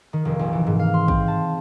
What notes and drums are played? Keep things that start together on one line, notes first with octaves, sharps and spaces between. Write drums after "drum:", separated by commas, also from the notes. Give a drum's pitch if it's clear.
D#3
F1
A#1
E3
G#2
F5
C6
C4, drum: kick A#1
A5